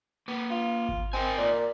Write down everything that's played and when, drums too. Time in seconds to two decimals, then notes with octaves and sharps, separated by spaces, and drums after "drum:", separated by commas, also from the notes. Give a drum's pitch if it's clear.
0.28 A#3 B4
0.50 F4
0.89 drum: kick G#1
1.13 C4 A#4 D#5 G#5
1.38 A#2 D5